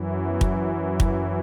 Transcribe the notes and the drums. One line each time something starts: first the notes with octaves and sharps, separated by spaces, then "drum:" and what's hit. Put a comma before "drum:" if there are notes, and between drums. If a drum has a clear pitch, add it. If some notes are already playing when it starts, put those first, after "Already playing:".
Already playing: F#2 E3
B3
drum: kick
drum: kick